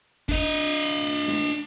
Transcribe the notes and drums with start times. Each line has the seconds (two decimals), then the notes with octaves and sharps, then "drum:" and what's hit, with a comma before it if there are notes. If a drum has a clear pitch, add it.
0.29 D4 D#5, drum: kick
1.28 drum: snare